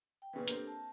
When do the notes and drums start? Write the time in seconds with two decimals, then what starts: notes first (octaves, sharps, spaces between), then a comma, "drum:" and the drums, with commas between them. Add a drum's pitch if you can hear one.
0.22 G5
0.33 A#2 C#3 E3 B4
0.48 A#3 C4 D4 G4 A4, drum: hi-hat
0.67 A5